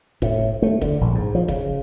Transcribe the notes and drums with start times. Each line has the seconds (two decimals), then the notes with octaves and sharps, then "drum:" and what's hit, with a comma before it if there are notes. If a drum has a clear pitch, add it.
0.22 A2, drum: kick
0.62 A3
0.82 D3, drum: kick
1.01 A#1
1.15 G#2
1.35 F3
1.48 C#3, drum: kick